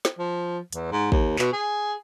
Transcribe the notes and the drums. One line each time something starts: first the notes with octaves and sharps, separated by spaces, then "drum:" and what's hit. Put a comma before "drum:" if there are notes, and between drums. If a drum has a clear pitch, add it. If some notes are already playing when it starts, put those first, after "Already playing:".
drum: snare
F3
E2, drum: hi-hat
G#2
D#2, drum: kick
B2, drum: clap
G#4